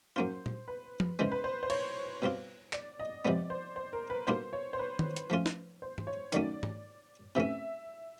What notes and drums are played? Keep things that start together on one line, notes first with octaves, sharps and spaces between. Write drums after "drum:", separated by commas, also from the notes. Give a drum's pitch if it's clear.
F#3 A#3 C#4 F4 C5
drum: tom A#2
B4
drum: tom F3
C#3 E3 G#3 C5
B4
C5
C5
C#5, drum: cymbal
B2 G3 C4 F4
D5, drum: clap
D#5
C3 F3 G#3 B3 D5
C5
C5
A#4
B4
B2 G3 A#3 D4 F4 C5
C#5
C5
B4
drum: tom D#3
drum: hi-hat
F3 A3 C#4 F4
drum: snare
C5
drum: tom G#2
C#5
D#3 F#3 A3 C#4 D5, drum: hi-hat
drum: tom G#2
C3 E3 A3 C#4 E5